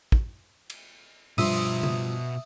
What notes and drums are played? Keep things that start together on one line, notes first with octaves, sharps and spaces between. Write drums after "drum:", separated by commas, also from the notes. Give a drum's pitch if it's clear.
drum: kick
drum: cymbal
G2 B2 F3 E5 C6 D#6, drum: open hi-hat
drum: tom C#3